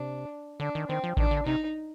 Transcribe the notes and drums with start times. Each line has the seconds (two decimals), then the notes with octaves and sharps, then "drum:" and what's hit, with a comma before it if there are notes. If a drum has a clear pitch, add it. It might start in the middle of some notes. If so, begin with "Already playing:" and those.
Already playing: C3 D4
0.60 D3 D4
0.75 D#3
0.89 D#3 C4
1.04 F3
1.17 D#3 D4, drum: kick A1
1.31 D3
1.46 C3 D#4